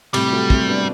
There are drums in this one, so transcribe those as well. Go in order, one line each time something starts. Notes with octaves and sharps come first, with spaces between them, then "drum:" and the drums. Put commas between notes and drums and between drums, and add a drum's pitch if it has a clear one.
A2 C3 G3, drum: cymbal
F#3 A3
A3 C4, drum: kick
B3 D4